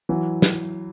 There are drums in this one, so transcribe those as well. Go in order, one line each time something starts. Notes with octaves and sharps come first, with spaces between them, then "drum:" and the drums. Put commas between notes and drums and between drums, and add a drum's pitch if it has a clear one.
E3 F#3
drum: snare